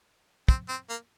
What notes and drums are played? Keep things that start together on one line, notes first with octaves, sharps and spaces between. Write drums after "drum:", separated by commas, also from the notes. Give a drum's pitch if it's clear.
C4, drum: kick
C4
A#3